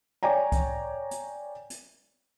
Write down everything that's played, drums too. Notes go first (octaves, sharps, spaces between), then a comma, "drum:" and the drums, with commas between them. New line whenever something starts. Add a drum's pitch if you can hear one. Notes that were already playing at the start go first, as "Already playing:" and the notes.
C#5 D5 G5 G#5 A#5
drum: kick C2, hi-hat
drum: hi-hat
drum: hi-hat